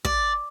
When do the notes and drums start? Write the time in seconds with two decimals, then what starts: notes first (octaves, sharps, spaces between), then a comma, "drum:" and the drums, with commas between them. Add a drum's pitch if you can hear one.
0.05 D5, drum: kick